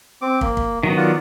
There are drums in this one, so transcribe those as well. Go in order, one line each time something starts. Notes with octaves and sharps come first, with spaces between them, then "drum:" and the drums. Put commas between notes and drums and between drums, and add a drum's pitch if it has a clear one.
C4 D6
A#3, drum: kick
drum: kick
D#3 F#3 B3
F4 D5 F#5